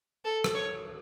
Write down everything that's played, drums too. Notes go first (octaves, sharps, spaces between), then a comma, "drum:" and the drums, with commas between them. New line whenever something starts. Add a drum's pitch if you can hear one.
A4
drum: rim click
C#5